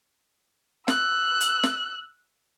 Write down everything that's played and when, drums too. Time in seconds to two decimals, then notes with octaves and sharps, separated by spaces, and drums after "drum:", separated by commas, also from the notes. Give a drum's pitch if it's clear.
0.88 E6 F#6, drum: snare
1.41 drum: hi-hat
1.63 drum: snare